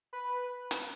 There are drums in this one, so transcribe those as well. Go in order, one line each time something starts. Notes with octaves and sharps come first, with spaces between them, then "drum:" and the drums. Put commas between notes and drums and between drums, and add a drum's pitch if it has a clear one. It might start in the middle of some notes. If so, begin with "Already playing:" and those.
B4
drum: hi-hat